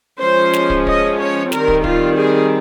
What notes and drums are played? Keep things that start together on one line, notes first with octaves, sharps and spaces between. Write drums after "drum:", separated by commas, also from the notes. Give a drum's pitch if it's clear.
F3 G#3 C#4 C5
drum: snare
drum: kick
D#5, drum: kick
C#5
D#3 G3 C4 A#4, drum: snare
drum: kick
F4, drum: kick
G#4